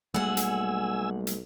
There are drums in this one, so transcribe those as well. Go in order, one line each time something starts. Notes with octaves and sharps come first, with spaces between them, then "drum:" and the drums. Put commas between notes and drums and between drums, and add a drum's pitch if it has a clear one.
B1 G3 A3 A#3 G#4 F#5 G#5 E6
drum: hi-hat
drum: hi-hat